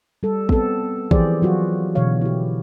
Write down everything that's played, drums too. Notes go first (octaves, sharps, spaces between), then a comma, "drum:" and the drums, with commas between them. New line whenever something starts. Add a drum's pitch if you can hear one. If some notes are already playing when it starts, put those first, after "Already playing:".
G3 A4
B3 C4 A4, drum: kick A1
E3 F3 G4 G#4 C5 D5, drum: kick A1
F#3 F4 F#4
B2 D3 E3 C#5 F5
E4 G4